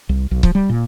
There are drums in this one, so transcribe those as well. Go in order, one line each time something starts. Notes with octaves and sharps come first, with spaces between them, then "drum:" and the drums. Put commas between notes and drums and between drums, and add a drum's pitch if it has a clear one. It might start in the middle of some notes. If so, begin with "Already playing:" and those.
C2
B1
F3, drum: kick C#1
G3
A#2